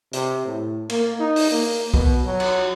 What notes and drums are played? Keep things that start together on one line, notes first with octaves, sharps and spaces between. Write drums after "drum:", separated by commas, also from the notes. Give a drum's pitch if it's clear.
C3, drum: hi-hat
A2
A#3, drum: cymbal
D#4
drum: open hi-hat
A#3
B2, drum: kick B1
F#3
drum: cymbal